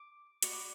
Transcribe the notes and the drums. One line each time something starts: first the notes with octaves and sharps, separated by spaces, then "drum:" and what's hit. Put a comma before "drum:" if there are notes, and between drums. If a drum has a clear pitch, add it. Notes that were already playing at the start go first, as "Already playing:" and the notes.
Already playing: D6
F#4 B4 D5 C#6, drum: hi-hat
D6